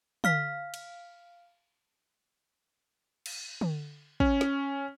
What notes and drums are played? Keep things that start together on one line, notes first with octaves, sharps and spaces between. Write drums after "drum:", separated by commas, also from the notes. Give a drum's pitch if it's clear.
F5 F6 B6, drum: tom
drum: cymbal
drum: cymbal
drum: tom
C#4, drum: kick
drum: snare